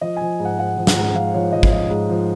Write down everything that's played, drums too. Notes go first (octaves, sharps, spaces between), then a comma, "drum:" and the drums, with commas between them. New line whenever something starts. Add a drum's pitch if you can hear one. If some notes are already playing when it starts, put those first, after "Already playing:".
F3 D#5
F3 G#5
G#2
F#5
G#2 F#5
F3
F#5, drum: snare
G#2
F3 F5
F3 C#5
F3 D#5
drum: kick
F3 D#5
G#2
F3